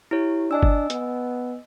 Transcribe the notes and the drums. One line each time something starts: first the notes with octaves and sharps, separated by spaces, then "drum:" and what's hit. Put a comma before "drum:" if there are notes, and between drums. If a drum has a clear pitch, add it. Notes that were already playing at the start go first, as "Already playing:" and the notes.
E4 G4 C#5
D4 D#5 G#5 E6
drum: kick G1
B3, drum: hi-hat